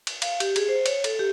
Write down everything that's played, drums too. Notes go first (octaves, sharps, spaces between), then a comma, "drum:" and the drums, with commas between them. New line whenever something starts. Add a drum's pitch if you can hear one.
drum: cymbal
F5, drum: cymbal
G4, drum: cymbal
G#4, drum: cymbal
C5
C#5, drum: cymbal
A4, drum: cymbal
G4